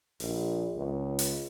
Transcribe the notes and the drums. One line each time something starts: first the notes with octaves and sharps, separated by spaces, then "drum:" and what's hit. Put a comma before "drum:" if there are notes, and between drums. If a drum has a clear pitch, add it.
A#1, drum: open hi-hat
C#2
drum: hi-hat